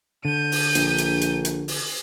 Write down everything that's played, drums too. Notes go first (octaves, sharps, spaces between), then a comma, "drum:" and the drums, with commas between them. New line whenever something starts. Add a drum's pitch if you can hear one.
D3 G6 D#7
drum: open hi-hat
A#1, drum: hi-hat
drum: hi-hat
drum: hi-hat
drum: hi-hat
drum: open hi-hat